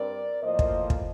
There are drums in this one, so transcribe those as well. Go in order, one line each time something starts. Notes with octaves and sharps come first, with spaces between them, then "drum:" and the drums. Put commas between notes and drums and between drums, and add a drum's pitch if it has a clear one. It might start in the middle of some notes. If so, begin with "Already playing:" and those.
Already playing: G2 C4 A#4 D5
A2 F3 A#3 C5 D#5
drum: kick
drum: kick